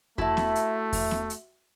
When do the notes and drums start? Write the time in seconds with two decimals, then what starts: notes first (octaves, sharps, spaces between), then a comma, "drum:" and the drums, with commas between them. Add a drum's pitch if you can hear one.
0.18 A3 E4 F#4 E5 A5, drum: kick E2
0.37 drum: snare B3
0.55 drum: hi-hat
0.93 drum: kick E2, open hi-hat
1.11 drum: snare B3
1.30 drum: hi-hat